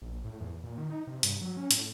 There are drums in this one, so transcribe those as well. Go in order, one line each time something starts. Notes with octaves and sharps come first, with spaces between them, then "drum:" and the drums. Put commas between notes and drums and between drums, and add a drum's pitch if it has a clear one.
A#1
A2
E2
A#2
D#3
D#4
C3
G2, drum: hi-hat
F#3
C#4
A2, drum: hi-hat